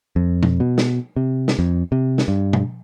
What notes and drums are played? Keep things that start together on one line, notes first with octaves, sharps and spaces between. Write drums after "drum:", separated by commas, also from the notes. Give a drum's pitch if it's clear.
F2
drum: tom B2
B2
drum: snare
C3
drum: snare
F2
C3
drum: snare
G2
drum: tom B2